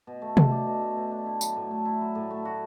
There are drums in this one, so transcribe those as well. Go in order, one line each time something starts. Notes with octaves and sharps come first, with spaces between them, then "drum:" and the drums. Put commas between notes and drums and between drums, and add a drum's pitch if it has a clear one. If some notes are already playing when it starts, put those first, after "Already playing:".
B2
A3
B2, drum: tom C3
D4
B2
A3
B2
D4
E4
F#3, drum: tambourine
A2
A3
E4
F#3
A2
A3
F#4